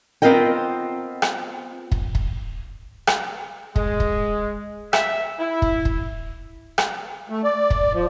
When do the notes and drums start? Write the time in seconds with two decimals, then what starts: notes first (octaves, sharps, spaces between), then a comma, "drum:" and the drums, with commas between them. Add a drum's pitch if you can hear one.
0.22 B3 C4 F4 A#4 D#5 G5
1.22 drum: rim click
1.92 drum: kick
2.15 drum: kick
3.07 drum: rim click
3.76 G#3, drum: kick
4.00 drum: kick
4.93 E5, drum: rim click
5.39 E4
5.62 drum: kick
5.85 drum: kick
6.78 drum: rim click
7.30 A3
7.44 D5
7.70 drum: kick
7.93 F3